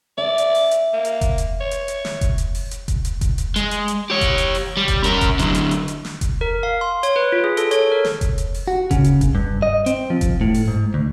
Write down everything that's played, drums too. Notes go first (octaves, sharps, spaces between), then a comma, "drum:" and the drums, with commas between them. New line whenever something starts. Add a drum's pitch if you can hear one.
D5 E5
drum: hi-hat
drum: open hi-hat
drum: hi-hat
A#3
drum: hi-hat
drum: kick F1, hi-hat
drum: hi-hat
C#5
drum: hi-hat
drum: hi-hat
drum: snare
drum: kick F1, hi-hat
drum: hi-hat
drum: open hi-hat
drum: hi-hat
drum: kick F1, hi-hat
drum: hi-hat
drum: kick F1, hi-hat
drum: hi-hat
G#3, drum: hi-hat
drum: hi-hat
drum: hi-hat
G4 C#5
drum: kick F1, hi-hat
drum: hi-hat
drum: open hi-hat
G3
drum: kick F1, hi-hat
C#4 A#4, drum: hi-hat
drum: kick F1, hi-hat
D3 F#3, drum: hi-hat
drum: hi-hat
drum: hi-hat
drum: hi-hat
drum: snare
drum: kick F1, hi-hat
A#4
F5
C6
C#5, drum: hi-hat
B4
F4
G#4
A4, drum: hi-hat
C#5, drum: hi-hat
A#4
drum: snare
drum: kick F1, hi-hat
drum: hi-hat
drum: open hi-hat
F#4
C#3, drum: kick F1, hi-hat
drum: hi-hat
drum: kick F1, hi-hat
G2
D#5
C4, drum: hi-hat
F3
drum: kick F1, hi-hat
A2
drum: open hi-hat
G#2
D2